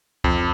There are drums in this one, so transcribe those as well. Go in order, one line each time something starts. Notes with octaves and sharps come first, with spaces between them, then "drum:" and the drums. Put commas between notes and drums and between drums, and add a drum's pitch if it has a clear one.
F2, drum: kick C#2